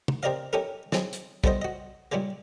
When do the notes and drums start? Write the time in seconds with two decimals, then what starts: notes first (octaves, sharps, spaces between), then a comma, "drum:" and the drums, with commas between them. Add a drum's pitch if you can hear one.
0.08 drum: tom
0.23 C4 G4 A#4 D5 D#5 F5
0.53 C#4 D#4 G4 A4 A#4
0.92 F#3 C4 D#4 E4 G#4, drum: snare
1.13 drum: hi-hat
1.44 G3 A3 B3 E4 C5 D#5, drum: kick
1.62 F#4 D#5
2.12 A#2 C#3 G3 G#3 A#3